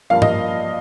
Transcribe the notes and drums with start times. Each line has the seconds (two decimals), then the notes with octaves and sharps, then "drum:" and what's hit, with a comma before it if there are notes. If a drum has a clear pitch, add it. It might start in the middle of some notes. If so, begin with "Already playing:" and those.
0.10 G2 F3 A#3 F5
0.22 D#5, drum: tom G#2